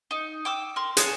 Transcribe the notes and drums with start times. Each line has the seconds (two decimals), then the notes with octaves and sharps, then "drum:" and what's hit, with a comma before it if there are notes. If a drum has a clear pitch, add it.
0.11 D#4
0.45 G5 D6 E6
0.76 A#4 C6
0.97 G#4 C#5 F#5 A5, drum: hi-hat